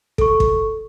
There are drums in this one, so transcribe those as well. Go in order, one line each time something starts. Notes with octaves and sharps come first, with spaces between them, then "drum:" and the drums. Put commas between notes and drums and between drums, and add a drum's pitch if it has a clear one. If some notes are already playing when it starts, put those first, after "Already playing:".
A4 C#6, drum: kick
drum: kick